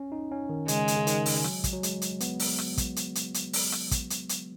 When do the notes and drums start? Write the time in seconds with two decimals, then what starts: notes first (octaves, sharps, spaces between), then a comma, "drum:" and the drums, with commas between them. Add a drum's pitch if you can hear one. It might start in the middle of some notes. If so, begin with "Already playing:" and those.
Already playing: C#4
0.12 D#4
0.31 C#4
0.49 D#3
0.68 C#3 G#3, drum: hi-hat
0.88 drum: hi-hat
0.97 C#3
1.07 D#3, drum: hi-hat
1.26 drum: open hi-hat
1.44 F#3, drum: rim click
1.64 drum: kick, hi-hat
1.73 F#3
1.83 G#3, drum: hi-hat
2.02 drum: hi-hat
2.20 B3, drum: hi-hat
2.39 drum: open hi-hat
2.58 drum: rim click
2.77 drum: kick, hi-hat
2.96 drum: hi-hat
3.15 drum: hi-hat
3.34 drum: hi-hat
3.53 drum: open hi-hat
3.72 drum: rim click
3.91 drum: kick, hi-hat
4.10 drum: hi-hat
4.29 drum: hi-hat